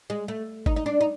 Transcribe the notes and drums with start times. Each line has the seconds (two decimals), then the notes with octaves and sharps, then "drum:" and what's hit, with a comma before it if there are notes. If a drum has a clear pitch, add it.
0.10 G#3
0.28 A3
0.66 D#4, drum: kick G#1
0.76 D#4
0.86 D4
1.01 D#4